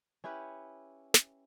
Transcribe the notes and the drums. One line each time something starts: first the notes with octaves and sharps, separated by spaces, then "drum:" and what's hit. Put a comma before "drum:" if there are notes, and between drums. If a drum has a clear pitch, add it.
C#4 E4 G4 B4
drum: snare